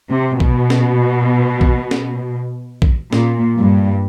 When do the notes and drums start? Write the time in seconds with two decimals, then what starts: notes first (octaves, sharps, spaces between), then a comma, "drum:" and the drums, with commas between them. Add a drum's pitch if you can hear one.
0.10 C3
0.40 B2, drum: kick A#1
0.70 drum: snare
1.61 drum: kick A#1
1.91 drum: snare
2.82 drum: kick A#1
3.13 A#2, drum: snare
3.58 G2